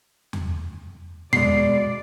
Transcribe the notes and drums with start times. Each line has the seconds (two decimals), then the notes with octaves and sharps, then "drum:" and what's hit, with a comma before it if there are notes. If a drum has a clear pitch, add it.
0.33 drum: tom E2
1.33 B2 G#3 D5 C7, drum: tom E2